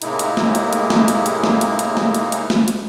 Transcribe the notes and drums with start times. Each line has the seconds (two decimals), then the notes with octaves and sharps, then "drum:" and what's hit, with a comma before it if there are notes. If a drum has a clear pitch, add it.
0.02 A2 C3 G#3 A#3 D#4 E4, drum: hi-hat
0.19 drum: hi-hat
0.37 drum: snare
0.55 drum: hi-hat
0.73 drum: hi-hat
0.90 drum: snare
1.08 drum: hi-hat
1.26 drum: hi-hat
1.44 drum: snare
1.61 drum: hi-hat
1.79 drum: hi-hat
1.97 drum: snare
2.15 drum: hi-hat
2.32 drum: hi-hat
2.50 drum: snare
2.68 drum: hi-hat